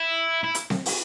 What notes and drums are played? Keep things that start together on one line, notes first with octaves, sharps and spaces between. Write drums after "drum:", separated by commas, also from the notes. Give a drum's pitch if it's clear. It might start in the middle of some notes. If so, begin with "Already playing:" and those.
Already playing: E4
E4
drum: hi-hat
drum: snare C4
drum: open hi-hat